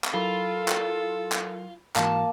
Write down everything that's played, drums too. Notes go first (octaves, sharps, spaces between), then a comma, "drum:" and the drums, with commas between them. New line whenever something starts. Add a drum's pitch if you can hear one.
drum: clap
F#3 E4 F4 A4 A#4 B5
drum: clap
drum: clap
G#2 E3 A#3 F#4 A5, drum: clap